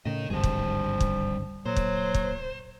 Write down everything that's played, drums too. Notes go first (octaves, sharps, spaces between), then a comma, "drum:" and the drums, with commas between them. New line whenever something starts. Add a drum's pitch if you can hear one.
A2 C#3 A#4 D#5
G#1 D2 G2 F3 G3 G#4
drum: kick
drum: kick
A#2 F#3 C5
drum: kick
drum: kick